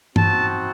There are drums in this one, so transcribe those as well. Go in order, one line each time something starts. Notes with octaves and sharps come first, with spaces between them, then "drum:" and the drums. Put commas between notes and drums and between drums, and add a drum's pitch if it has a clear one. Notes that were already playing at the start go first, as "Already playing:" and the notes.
C4 D#4 F#4 A5, drum: tom